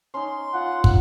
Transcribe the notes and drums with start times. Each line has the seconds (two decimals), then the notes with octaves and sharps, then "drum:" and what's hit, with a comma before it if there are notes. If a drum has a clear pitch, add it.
0.14 C#4 D#4 C6
0.54 F4 F#5
0.84 drum: kick